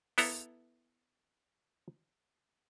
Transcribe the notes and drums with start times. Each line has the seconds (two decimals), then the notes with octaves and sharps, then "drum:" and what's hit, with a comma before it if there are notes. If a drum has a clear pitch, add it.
0.18 B3 E4 A4 A#5, drum: open hi-hat